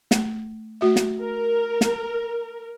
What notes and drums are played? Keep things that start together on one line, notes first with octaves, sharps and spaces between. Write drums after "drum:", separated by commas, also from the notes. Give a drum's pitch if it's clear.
A3, drum: snare
A3 F#4 E5
drum: snare
A#4
drum: snare